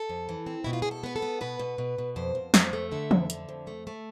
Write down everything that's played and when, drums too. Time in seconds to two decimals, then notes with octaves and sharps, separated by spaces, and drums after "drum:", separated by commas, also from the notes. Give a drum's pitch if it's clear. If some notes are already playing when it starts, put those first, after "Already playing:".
Already playing: A4
0.09 F2
0.29 E3
0.46 C4
0.64 B2 E4
0.73 F4
0.82 B2 G#4
0.91 A4
1.03 B3 B4
1.16 A4
1.22 B3
1.41 B2 B4
1.59 B2
1.78 B2
1.98 B2
2.16 F2 C5
2.35 F2
2.54 F2, drum: snare
2.73 A3
2.92 D3 E5
3.11 F2, drum: tom E3
3.30 D3, drum: hi-hat
3.49 F2
3.67 A3
3.87 A3